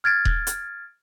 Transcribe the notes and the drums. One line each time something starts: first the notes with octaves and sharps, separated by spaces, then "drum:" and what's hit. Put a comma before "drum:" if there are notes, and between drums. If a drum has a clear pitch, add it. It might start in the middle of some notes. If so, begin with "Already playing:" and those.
F6 G#6 A6 D7
drum: kick D#1
drum: hi-hat